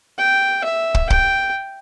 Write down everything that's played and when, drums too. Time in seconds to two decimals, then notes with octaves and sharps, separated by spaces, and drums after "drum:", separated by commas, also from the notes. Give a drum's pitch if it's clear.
0.18 G5
0.64 E5
0.94 drum: kick
1.10 G5, drum: kick